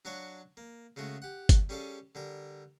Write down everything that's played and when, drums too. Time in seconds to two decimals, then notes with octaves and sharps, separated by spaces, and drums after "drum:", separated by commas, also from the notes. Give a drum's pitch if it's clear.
0.05 F#3 D4 F#4 C#5 F5 C#6
0.57 A#3
0.96 C#3 G#3 A3 F#4
1.22 G4 F#5
1.49 drum: kick, hi-hat
1.69 G3 C#4 G#4 A4 D5 F5
2.15 D3 G3 A#4